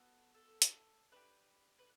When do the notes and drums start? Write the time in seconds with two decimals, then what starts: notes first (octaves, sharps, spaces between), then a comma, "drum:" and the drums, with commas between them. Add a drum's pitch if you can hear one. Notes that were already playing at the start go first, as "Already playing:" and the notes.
Already playing: B3 F#4 A4 B4
0.34 A4
0.62 drum: hi-hat
1.12 D4 G4 B4
1.79 B4